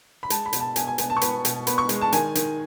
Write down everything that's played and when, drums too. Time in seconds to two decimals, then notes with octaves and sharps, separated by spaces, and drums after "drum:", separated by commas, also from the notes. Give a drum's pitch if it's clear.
0.23 B5
0.30 G#3 A5, drum: hi-hat
0.46 B5
0.53 B2, drum: hi-hat
0.60 A5
0.76 B2 G#5, drum: hi-hat
0.87 G#5
0.98 B3 G#5, drum: hi-hat
1.10 A5
1.17 C#6
1.21 B3 B5, drum: hi-hat
1.45 B2, drum: hi-hat
1.67 B3 B5, drum: hi-hat
1.78 C#6
1.89 G#3, drum: hi-hat
2.01 A5
2.13 D#3 G#5, drum: hi-hat
2.35 D#3, drum: hi-hat